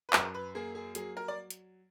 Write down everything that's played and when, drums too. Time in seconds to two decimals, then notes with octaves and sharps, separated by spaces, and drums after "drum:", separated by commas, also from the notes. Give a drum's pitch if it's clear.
0.09 B4
0.13 F#2 A#4, drum: clap
0.34 B4
0.55 A#3 G#4
0.75 G#4
0.95 F#3 G#4, drum: hi-hat
1.17 A#4
1.28 D5
1.50 drum: hi-hat